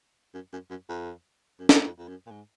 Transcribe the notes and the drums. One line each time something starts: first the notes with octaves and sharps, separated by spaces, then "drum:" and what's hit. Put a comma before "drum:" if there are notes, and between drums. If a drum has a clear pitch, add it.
F#2
F#2
F#2
F2
F#2
drum: snare
F2
F2
F#2
A#2
G#2